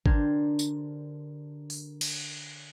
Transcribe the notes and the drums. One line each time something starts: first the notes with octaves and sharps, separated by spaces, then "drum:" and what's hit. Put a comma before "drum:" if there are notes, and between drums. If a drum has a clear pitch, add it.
D3 D4 G4 A#4 C5 G#6, drum: kick G#1
drum: tambourine
drum: open hi-hat
drum: cymbal